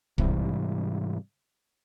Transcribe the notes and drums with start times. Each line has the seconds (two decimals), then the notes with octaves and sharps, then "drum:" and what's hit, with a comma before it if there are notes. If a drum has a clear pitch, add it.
0.18 G#2 C3 E3 G3, drum: kick